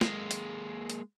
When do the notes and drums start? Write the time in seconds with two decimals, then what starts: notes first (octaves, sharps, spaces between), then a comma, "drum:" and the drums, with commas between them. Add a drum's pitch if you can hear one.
0.01 G#3 A#3, drum: snare
0.31 drum: hi-hat
0.90 drum: hi-hat